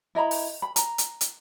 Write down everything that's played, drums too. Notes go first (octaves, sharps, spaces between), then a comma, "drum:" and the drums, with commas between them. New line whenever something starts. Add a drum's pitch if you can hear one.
E4 D#5 A#5 B5
drum: open hi-hat
B5
A#5, drum: hi-hat
drum: hi-hat
drum: hi-hat